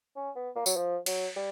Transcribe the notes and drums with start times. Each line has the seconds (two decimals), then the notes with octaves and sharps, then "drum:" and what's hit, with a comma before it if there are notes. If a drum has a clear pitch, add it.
0.16 C#4
0.36 B3
0.56 A#3
0.66 F#3, drum: tambourine
0.76 F3
1.06 F#3, drum: cymbal
1.36 G3